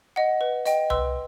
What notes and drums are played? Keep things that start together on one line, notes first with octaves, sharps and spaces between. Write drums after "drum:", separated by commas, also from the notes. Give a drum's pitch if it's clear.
D#5 F#5
B4
D#5 G5, drum: hi-hat
B4 C6 E6, drum: tom C2